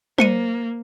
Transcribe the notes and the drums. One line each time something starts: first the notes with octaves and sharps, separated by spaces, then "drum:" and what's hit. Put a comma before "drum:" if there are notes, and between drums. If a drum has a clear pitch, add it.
A#3 C5 C#7 D#7, drum: tom